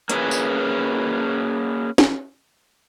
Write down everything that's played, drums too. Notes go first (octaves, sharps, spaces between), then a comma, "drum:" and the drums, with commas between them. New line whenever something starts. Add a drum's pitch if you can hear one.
A#3 C#4 E4 G#4 B4, drum: hi-hat
drum: tambourine
drum: snare